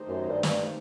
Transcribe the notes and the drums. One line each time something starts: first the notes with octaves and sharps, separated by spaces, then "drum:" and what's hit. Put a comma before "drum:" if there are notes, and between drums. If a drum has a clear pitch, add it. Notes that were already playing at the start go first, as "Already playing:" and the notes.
Already playing: D#3 A3 D#4 G4 C5
F#2
G2
G2, drum: snare